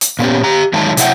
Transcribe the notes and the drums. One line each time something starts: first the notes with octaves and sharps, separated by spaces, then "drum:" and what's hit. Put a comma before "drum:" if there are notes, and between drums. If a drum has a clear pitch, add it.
drum: hi-hat
A#2 B3 C#4 G4
G4 A#5
D#3 F#3 G#3 D#4 E5 A5
C3 F#3 E4 E5 F#5 G5, drum: hi-hat